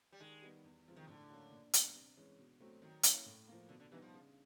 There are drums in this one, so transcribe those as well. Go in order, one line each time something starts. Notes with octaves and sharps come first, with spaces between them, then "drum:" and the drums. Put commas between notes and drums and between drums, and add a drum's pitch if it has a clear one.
G3
D#3 G#3
G3 B3 D#4
E2
C3 F3 G#3
D#3
A2 D3
F#3 A#3 C#4 F#4
A#2
G3 B3, drum: hi-hat
C3
E3 G#3 C#4
B2
F#3 A3 C4
D#3 F#3
A#3 C#4 E4, drum: hi-hat
A2
F3 A#3
B2 D3
D3
E3 G3 B3 D#4
F3
C#3